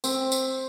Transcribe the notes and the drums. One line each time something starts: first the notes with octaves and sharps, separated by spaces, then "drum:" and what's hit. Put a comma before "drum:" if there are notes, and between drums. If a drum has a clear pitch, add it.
C4, drum: tambourine
drum: tambourine